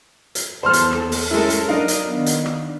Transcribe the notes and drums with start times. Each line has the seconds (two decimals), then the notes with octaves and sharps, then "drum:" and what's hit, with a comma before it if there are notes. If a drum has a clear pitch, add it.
0.35 drum: hi-hat
0.63 E2 A4 C5 C6 F6
0.73 drum: hi-hat
0.93 drum: rim click
1.12 drum: open hi-hat
1.31 G#3 A3 C#4 E4 A4 A#4
1.50 drum: hi-hat
1.68 F#3 D4 D#4 A#4 D#5 F5
1.88 drum: hi-hat
2.08 D#3 B3
2.26 drum: hi-hat
2.46 drum: rim click